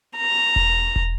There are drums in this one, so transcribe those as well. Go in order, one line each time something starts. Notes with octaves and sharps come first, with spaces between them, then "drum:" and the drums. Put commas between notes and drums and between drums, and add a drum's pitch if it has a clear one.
A#5
drum: kick E1
drum: kick E1